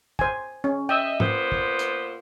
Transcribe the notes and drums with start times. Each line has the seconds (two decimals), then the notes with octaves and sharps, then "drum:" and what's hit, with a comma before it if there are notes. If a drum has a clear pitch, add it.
0.19 C5 G#5, drum: kick
0.64 C#4
0.89 D#5 E5 G5
1.20 A#2 B3 C5, drum: tom
1.52 drum: kick
1.79 drum: hi-hat